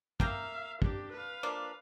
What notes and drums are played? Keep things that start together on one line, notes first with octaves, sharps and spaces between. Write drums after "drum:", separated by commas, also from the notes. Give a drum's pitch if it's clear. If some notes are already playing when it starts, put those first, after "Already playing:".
A#3 E5 F5 G5 A#5, drum: kick
D4 G4, drum: kick
B4 F5
F3 A#3 D4